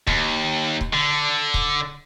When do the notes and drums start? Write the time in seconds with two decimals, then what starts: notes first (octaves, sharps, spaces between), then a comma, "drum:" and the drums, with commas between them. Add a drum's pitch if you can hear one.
0.07 D#2, drum: kick C#1
0.81 drum: kick C#1
0.94 D3
1.54 drum: kick C#1